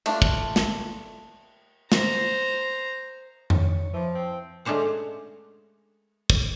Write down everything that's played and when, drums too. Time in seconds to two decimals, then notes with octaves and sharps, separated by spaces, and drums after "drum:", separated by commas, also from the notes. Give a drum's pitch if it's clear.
0.06 A3 D4 F4, drum: cymbal
0.22 drum: kick
0.56 drum: snare
1.92 C5 A#5, drum: snare
3.50 C#5, drum: tom F2
3.93 E3 F3
4.15 C4
4.65 G#3 A3 C#4 D4 C5 F#5
6.30 drum: kick